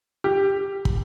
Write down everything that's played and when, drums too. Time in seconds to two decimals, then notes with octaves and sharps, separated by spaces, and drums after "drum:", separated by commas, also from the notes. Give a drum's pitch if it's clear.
0.24 G4
0.85 drum: kick